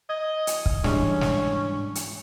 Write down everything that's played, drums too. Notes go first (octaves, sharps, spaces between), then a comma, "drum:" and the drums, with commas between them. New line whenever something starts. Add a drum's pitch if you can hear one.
D#5 G#6
drum: hi-hat
drum: kick
G#2 E3 G3 G#3 C#4 D4, drum: snare
drum: snare
drum: hi-hat